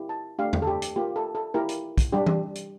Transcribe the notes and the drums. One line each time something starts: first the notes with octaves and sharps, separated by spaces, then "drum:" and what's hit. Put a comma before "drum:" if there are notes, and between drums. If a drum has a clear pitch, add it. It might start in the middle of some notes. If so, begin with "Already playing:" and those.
Already playing: A#3 E4 G4
A5
A3 D4 G4 F5
drum: tom E2
A4
G4
drum: hi-hat
A#3 F4 G4
A4
A4
A#3 E4 G4 A#4
drum: hi-hat
drum: kick, hi-hat
G3 D4 G4
drum: tom E3
drum: hi-hat